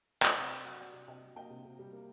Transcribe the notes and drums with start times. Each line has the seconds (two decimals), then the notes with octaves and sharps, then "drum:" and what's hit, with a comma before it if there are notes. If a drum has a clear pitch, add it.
0.23 C4 D5 F#5, drum: clap
0.36 C3 D5 F#5
0.50 C3 D#5 G5
0.65 F#3 D5 F#5
0.79 C4 D5 F#5
0.93 C3
1.08 C3 D#5 G5
1.22 F#3
1.36 A#3 D#5 G5
1.50 C3
1.65 C3
1.79 G3
1.93 A#3